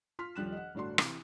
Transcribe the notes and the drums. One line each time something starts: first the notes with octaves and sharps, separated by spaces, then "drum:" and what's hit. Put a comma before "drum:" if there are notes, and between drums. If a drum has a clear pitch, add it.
F4 C6 F6 B6
D#1 F3 G3 F#6 E7
D#5 F#5
G1 A2 D4 F#4 C6
C3 E3, drum: rim click